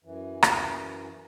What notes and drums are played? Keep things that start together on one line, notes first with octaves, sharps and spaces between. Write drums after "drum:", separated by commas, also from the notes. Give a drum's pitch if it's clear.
F#2 E3
drum: rim click